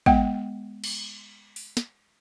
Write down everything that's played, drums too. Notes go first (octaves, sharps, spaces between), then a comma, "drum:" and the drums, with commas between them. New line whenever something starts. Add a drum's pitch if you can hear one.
G#3 B3 F#5 G5, drum: kick
drum: cymbal
drum: open hi-hat
drum: snare